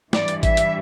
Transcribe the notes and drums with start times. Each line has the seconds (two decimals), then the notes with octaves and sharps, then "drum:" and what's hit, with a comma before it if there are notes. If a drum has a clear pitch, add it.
0.13 G2 E3 G3 D5, drum: snare
0.28 drum: hi-hat
0.43 E5, drum: kick A1, hi-hat
0.57 drum: hi-hat